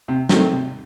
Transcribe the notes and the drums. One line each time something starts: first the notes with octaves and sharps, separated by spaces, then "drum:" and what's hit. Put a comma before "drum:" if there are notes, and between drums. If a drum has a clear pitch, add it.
C3
D#3 F#3 A3 C4, drum: snare
C3